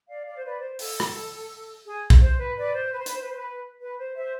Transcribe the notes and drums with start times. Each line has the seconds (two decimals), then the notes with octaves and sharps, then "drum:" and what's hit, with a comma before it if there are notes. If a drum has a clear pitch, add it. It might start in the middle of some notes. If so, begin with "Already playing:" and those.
0.08 D5 F5
0.26 D5 F5
0.35 C5
0.44 B4 D5
0.61 C5
0.79 A4, drum: open hi-hat
1.00 drum: rim click
1.85 G#4
2.10 drum: kick B1
2.21 C5
2.38 B4
2.57 B4 D5
2.74 C5
2.92 B4
2.99 C5
3.06 B4, drum: hi-hat
3.14 C5
3.21 B4
3.29 C5
3.36 B4
3.80 B4
3.98 C5
4.16 C5 E5